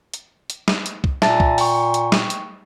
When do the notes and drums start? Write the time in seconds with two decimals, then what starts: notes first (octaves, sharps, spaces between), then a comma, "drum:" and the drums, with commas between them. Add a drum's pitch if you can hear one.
0.14 drum: hi-hat
0.50 drum: hi-hat
0.68 drum: snare
0.86 drum: hi-hat
1.04 drum: kick
1.22 A#2 E5 A5 A6, drum: snare
1.40 drum: kick
1.58 G5 C#6, drum: open hi-hat
1.94 drum: hi-hat
2.12 drum: snare
2.30 drum: hi-hat